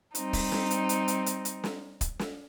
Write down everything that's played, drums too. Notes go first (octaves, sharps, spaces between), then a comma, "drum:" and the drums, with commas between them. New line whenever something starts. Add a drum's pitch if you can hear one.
G3 C4 D#4, drum: hi-hat
drum: kick, open hi-hat
drum: snare
drum: hi-hat
drum: hi-hat
drum: hi-hat
drum: hi-hat
drum: hi-hat
drum: snare
drum: kick, hi-hat
drum: snare